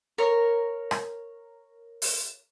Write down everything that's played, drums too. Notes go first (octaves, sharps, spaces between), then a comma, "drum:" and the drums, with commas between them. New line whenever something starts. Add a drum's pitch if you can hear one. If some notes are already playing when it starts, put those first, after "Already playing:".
A#4 C#5
drum: rim click
drum: open hi-hat